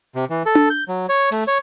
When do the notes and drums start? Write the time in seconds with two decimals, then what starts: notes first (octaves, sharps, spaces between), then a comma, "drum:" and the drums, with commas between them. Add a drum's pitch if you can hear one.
0.15 C3
0.30 E3
0.46 A4
0.55 drum: tom D4
0.70 G6
0.88 F#3
1.09 C#5
1.32 A3, drum: open hi-hat
1.48 C#5